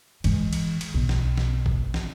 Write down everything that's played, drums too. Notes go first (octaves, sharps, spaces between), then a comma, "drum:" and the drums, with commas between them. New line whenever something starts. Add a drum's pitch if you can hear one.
E3 G#3, drum: cymbal
drum: cymbal
drum: cymbal
B1
drum: snare
drum: snare
drum: kick G#1
drum: snare